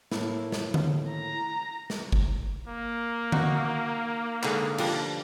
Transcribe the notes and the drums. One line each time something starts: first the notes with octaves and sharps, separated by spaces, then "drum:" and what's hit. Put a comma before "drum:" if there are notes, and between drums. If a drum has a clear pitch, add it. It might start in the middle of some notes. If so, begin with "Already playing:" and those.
A2 A#3 E4, drum: snare
drum: snare
drum: tom D3
A#5
drum: snare
drum: kick G1
A#3
D#4 F#4, drum: tom D3
G#2 D3 G#4, drum: clap
F3 G3 D4, drum: cymbal